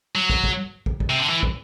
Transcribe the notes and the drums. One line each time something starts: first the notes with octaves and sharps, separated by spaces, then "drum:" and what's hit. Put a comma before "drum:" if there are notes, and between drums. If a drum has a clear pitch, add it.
F#3
drum: kick
drum: kick
drum: kick
drum: kick
C3
D3
E3
drum: kick